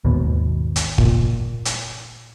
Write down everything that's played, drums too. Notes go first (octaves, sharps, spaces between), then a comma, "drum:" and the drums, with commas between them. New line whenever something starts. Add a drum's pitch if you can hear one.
G#1 D#2 B2
drum: hi-hat
A#2, drum: kick
drum: hi-hat